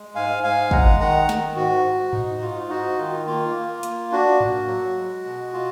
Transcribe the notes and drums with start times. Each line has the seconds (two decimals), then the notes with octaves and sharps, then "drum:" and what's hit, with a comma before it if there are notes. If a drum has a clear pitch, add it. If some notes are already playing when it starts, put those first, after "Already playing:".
Already playing: G#3
0.15 G#2 F5 G#5
0.43 G#2 F5 G#5
0.71 G#3 F#5 A#5, drum: kick
0.99 D#3 F#5 A#5
1.29 D#3, drum: snare
1.56 G#2 F#4
1.85 G#2
2.13 D#4, drum: tom G#2
2.41 G#2 F4
2.70 D#4 F#4
2.99 D#3 F4
3.27 A#3 F4
3.55 A#3
3.83 A#3, drum: hi-hat
4.12 D4 F#4
4.40 A#3, drum: tom G#2
4.68 F#3
4.97 G#3
5.25 B2
5.53 F4